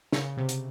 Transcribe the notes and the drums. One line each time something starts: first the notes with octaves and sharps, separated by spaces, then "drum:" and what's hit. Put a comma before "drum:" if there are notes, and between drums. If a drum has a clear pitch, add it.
C#3, drum: snare
C3
drum: hi-hat